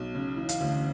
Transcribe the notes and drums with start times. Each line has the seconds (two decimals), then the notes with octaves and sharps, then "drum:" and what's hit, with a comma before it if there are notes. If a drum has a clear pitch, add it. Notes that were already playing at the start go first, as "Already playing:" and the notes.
Already playing: B1
0.15 C#3
0.37 E3
0.49 F5, drum: hi-hat
0.60 D2